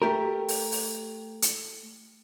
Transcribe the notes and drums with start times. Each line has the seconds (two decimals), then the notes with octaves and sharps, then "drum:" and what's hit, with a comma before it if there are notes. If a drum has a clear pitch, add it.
0.02 A3 G4 A#4
0.48 drum: open hi-hat
0.72 drum: open hi-hat
1.42 drum: hi-hat